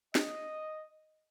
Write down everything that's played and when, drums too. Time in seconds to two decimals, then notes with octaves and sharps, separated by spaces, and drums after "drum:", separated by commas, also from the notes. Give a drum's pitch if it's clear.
0.15 D#5, drum: snare